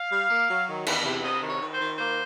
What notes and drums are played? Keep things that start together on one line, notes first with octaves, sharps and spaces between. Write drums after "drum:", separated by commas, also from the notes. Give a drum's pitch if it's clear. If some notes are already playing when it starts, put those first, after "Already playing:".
Already playing: F5
G3
A#3
F#3
D#3
E2, drum: cymbal
C3
C3 D#5
D#3
C#5
D#3
C5
D#3
A#3 C5